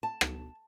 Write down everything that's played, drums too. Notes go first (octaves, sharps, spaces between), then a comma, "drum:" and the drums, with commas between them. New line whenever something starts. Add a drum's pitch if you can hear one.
A5
drum: rim click